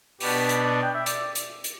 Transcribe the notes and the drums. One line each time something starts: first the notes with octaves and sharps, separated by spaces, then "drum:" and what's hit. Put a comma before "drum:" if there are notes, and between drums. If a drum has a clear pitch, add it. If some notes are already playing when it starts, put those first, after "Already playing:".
B2 B3 D4 G4, drum: open hi-hat
drum: hi-hat
D5
G5
E5
D5, drum: hi-hat
drum: hi-hat
drum: hi-hat